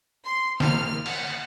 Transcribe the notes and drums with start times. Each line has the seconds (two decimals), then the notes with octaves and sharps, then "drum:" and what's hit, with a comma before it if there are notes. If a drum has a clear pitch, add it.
0.24 C6
0.60 F6, drum: snare
1.06 F#5, drum: cymbal